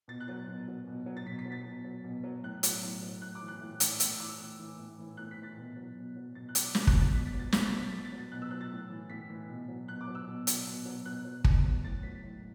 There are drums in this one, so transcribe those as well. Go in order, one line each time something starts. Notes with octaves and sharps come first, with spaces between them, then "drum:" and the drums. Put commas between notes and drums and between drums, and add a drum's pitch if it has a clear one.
B2 A6
F#6
F#3 A6
B2
F#3
B2
F#3
A6
B2 B6
B6
F#3
A6
B2
F#3
B2
F#3
A2 F#6
F#3, drum: hi-hat
A2
F#3
A2 F#6
D6
E3
F#6
A2
E3, drum: hi-hat
A2 E6, drum: hi-hat
E3 D6
E6
A2
E3
A2
E3
A2 F#6
B6
E3
A6
B2
F#3
B2
F#3
B2 A6
F#6
F#3, drum: hi-hat
D6
B2 D6, drum: snare
F#6, drum: kick
F#3
A6
B2 B6
A6
F#3
A6
B2 B6, drum: snare
A6
F#3
B6
B2 B6
A6
F#3
A6
B2 F#6
E6
F#3 F#6
A6
A2
E3
A2 B6
E3
B2
F#3
B2 F#6
D6
F#3
E6
B2
F#3, drum: hi-hat
B2
F#3
B2 F#6
F#3
B2, drum: kick
F#3
A2 A6
F#3 B6
A2